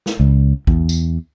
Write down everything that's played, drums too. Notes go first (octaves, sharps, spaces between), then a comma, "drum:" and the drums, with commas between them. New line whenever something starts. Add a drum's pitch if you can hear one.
drum: snare
C#2
E2, drum: kick A#1
drum: tambourine